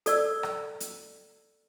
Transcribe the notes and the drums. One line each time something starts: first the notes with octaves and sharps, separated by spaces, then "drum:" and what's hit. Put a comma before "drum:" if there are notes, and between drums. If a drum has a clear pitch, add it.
A4 D5 E6, drum: hi-hat
drum: rim click
drum: hi-hat